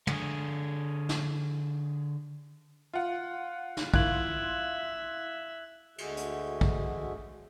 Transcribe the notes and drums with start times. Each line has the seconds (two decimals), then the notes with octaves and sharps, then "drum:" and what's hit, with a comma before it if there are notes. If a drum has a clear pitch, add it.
0.07 D3 G#4, drum: tom
1.09 drum: snare
2.94 F4 F#5
3.77 drum: snare
3.94 E4 E5 F5 C6 F#6 G#6 F#7, drum: kick
5.98 D2 D3 G#3 F#4 G#4 E5, drum: cymbal
6.17 drum: hi-hat
6.61 drum: kick